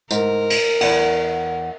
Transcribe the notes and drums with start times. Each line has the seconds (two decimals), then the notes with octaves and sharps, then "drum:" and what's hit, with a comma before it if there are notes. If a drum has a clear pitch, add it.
0.11 G#2 A#4, drum: tambourine
0.50 drum: cymbal
0.81 E2 F#5, drum: cymbal